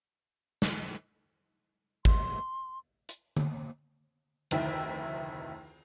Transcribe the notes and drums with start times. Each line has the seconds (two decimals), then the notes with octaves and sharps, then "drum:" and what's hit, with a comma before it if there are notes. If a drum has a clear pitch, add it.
0.62 drum: snare
2.05 C6, drum: kick
3.09 drum: hi-hat
3.37 drum: tom D3
4.51 F1 D2 D#3 E4 G5, drum: cymbal